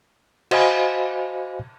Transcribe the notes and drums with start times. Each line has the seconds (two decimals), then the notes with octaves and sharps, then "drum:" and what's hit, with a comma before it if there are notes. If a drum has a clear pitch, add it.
0.51 F#4 C5 D#5 F5 G#5 B5, drum: cymbal